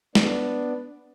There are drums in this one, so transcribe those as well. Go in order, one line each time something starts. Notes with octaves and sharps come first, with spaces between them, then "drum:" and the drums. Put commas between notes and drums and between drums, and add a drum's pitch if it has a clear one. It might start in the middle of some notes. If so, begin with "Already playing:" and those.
B3 D4, drum: snare